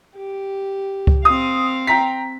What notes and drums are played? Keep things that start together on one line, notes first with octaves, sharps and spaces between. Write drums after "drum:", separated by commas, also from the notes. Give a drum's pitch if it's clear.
G4
drum: kick C#2
C4 F5 D#6
G5 A#5 B6